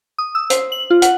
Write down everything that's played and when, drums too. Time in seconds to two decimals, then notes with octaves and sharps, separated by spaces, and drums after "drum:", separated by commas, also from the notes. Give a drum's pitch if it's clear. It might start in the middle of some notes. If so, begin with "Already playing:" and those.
0.18 D#6
0.35 E6
0.50 C5, drum: hi-hat
0.72 F#7
0.91 F4
1.02 F#5, drum: hi-hat